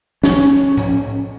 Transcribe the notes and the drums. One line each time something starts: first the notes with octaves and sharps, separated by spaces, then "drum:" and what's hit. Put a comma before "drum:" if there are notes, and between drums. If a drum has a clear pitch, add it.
C#4, drum: snare
drum: tom A2